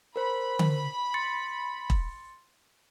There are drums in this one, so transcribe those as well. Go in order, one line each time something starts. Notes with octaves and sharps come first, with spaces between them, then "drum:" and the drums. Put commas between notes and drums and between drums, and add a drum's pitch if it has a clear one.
A#4 C5 B5
drum: tom D3
C6 A6 C#7
drum: kick E1